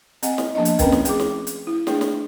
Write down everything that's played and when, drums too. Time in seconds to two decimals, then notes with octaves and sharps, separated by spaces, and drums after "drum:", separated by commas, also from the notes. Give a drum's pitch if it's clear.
0.23 C4 D#5 F#5 G#5, drum: hi-hat
0.38 drum: snare
0.55 F3 A#3 B3 D4 D#5
0.65 drum: hi-hat
0.79 A#3 C4 C#4 A#4 B4 G5, drum: kick, hi-hat
0.92 drum: snare
1.05 A3 C4 G#4 D6, drum: hi-hat
1.19 drum: snare
1.47 drum: hi-hat
1.67 E4
1.87 A3 D4 G#4, drum: snare
2.01 drum: snare